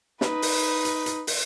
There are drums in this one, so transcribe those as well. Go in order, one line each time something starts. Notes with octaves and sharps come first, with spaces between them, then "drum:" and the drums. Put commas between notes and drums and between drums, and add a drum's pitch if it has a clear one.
D#4 B4, drum: snare
drum: open hi-hat
drum: hi-hat
drum: hi-hat
drum: open hi-hat